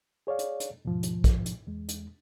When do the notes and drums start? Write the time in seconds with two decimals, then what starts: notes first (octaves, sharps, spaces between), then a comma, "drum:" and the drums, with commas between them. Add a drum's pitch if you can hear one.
0.27 G#4 C#5 D5 F5
0.39 drum: hi-hat
0.60 drum: hi-hat
0.85 D#2 G#2 B2 F3
1.03 drum: hi-hat
1.24 drum: kick, hi-hat
1.46 drum: hi-hat
1.67 E2 G#3
1.88 drum: hi-hat